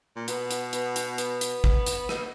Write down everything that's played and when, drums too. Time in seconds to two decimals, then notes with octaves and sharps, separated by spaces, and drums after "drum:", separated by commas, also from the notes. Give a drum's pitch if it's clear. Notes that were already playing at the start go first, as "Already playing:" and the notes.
0.16 A#2
0.28 B2 B3, drum: hi-hat
0.51 drum: hi-hat
0.73 B3, drum: hi-hat
0.96 drum: hi-hat
1.18 B3, drum: hi-hat
1.41 drum: hi-hat
1.64 drum: kick
1.87 drum: hi-hat
2.09 drum: rim click